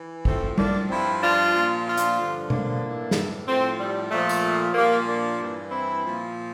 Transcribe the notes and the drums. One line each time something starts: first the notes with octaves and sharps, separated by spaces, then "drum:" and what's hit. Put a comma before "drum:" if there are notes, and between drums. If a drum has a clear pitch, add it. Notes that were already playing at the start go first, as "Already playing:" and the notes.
Already playing: E3
A2 F3 A3 C4, drum: kick
A#3 D4, drum: tom G3
G2 F3 C4 E4
D4 F4
A#2 F3
D4 F4
drum: hi-hat
G2 D3 F3
A#3 D4, drum: tom B2
A2 E3
drum: snare
A2 F3 A3 C4
G3
A#2 F3 A3
drum: tambourine
A#2 F3 G3 A#3
A#3 D4
G2 E3
C4 E4
A#2 F3